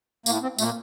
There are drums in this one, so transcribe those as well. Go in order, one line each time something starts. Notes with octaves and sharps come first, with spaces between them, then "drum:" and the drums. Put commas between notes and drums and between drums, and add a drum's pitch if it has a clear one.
A2 A#3, drum: tambourine
C4
A#2 A3, drum: tambourine